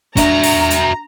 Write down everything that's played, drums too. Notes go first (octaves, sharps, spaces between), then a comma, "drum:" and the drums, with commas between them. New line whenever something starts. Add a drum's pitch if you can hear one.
D4 F#4 E5 A#5, drum: kick, hi-hat
drum: open hi-hat
drum: hi-hat